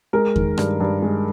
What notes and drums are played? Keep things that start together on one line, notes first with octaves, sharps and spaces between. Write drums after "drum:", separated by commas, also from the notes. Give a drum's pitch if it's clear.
G#3 A#4
D#3, drum: kick E2
G2, drum: rim click
G2
G#3